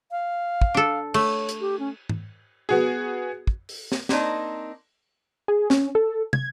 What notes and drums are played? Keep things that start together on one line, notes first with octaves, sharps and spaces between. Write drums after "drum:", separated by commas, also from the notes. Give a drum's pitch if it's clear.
F5
drum: kick
D4 A4
A3 C#5, drum: cymbal
drum: hi-hat
G4
C#4
drum: tom G#2
B3 F#4 G#4
drum: kick
drum: open hi-hat
drum: snare
A#3 C4 D4 D#4, drum: snare
G#4
C#4, drum: snare
A4
G#6, drum: tom